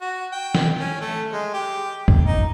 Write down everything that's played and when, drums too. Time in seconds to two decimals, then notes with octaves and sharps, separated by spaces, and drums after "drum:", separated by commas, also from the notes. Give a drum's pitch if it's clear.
0.01 F#4
0.32 G5
0.55 drum: snare
0.79 C#4
1.01 A3
1.32 G#3
1.54 G4
2.08 drum: kick
2.25 D#4